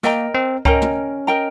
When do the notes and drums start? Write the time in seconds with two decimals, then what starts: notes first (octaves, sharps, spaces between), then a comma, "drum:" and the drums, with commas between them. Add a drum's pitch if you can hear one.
0.03 A#3 A#4 D#5 G5 A#5, drum: snare
0.34 C4
0.65 C#4 A#4 D#5 G5 A#5, drum: kick C#2
0.82 drum: tom
1.27 A#4 D#5 G5 A#5